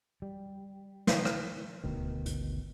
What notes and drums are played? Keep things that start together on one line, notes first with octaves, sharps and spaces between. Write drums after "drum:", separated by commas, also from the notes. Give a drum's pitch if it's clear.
G3
D#3, drum: snare
drum: rim click
D#1 D2 B2 D#3
G#1, drum: hi-hat